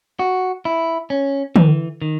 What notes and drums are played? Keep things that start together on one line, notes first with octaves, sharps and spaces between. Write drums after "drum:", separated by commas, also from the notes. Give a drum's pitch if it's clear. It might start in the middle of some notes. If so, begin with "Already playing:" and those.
F#4
E4
C#4
E3, drum: tom
D#3